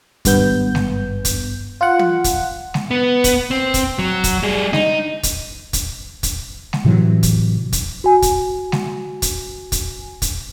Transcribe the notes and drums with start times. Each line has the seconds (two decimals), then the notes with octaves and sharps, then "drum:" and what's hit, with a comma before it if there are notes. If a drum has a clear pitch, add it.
0.25 G#1 G2 B3 G6, drum: kick, hi-hat
0.75 drum: snare G#3
1.25 drum: kick, hi-hat
1.81 F4 F#5
1.99 drum: tom
2.24 drum: kick, hi-hat
2.74 drum: snare G#3
2.91 B3
3.24 drum: kick, hi-hat
3.51 C4
3.74 drum: kick, hi-hat
3.99 F#3
4.24 drum: kick, hi-hat
4.43 G3 G#4
4.73 D#4, drum: snare G#3
5.23 drum: kick, hi-hat
5.73 drum: kick, hi-hat
6.23 drum: kick, hi-hat
6.73 drum: snare G#3
6.84 A2 C3 E3 F#3
7.23 drum: kick, hi-hat
7.73 drum: kick, hi-hat
8.04 F#4 G#5
8.22 drum: kick, hi-hat
8.72 drum: snare G#3
9.22 drum: kick, hi-hat
9.72 drum: kick, hi-hat
10.22 drum: kick, hi-hat